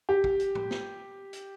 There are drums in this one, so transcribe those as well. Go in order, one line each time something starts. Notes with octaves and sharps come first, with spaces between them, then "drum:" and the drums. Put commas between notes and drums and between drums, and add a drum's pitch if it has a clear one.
G4
drum: kick
drum: hi-hat
drum: tom A2
drum: snare
drum: hi-hat